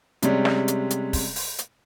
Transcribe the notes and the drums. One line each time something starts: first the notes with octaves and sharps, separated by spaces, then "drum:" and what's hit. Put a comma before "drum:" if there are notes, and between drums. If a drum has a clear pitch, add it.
C3 G3 G#3 C#4, drum: hi-hat
drum: snare
drum: hi-hat
drum: hi-hat
drum: kick, open hi-hat
drum: open hi-hat
drum: hi-hat